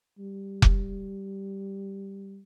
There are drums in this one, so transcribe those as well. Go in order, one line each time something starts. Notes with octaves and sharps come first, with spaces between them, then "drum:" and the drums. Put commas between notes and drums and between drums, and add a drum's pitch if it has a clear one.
G3
drum: kick F1